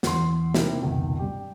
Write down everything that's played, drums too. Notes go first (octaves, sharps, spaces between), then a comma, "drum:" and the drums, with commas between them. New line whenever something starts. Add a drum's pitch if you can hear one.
E2 C6, drum: snare
C3 A#3 D#4 E4, drum: snare
F1 C#2 B2 D#3
G2 G4